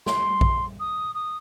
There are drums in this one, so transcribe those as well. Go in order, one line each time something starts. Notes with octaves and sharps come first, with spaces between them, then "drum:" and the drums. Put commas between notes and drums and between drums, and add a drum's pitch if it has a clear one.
C6, drum: snare
drum: kick A#1
D#6
D#6